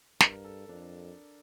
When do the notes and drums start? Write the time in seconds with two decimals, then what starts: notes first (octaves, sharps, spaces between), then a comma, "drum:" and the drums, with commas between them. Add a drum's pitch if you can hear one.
0.20 G2 A#4, drum: snare
0.45 A4
0.68 F2 D4